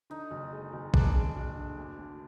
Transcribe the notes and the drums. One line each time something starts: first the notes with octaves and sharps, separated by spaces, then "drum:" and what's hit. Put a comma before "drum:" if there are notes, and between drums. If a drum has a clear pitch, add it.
D3 D#4
F#1
G#3
F#1
G#3 D4, drum: kick
G#3
F#1
D3
D2
D2